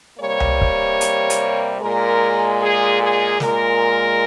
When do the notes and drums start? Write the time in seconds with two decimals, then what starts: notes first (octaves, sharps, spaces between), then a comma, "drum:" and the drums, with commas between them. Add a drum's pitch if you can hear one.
0.18 C3 G3 A#3 C#5
0.40 drum: tom C2
0.61 drum: kick
1.01 drum: hi-hat
1.30 drum: hi-hat
1.79 A#2 G#3 A#4
2.60 G#4
3.00 G#4
3.40 A#2 G#3 A#4, drum: snare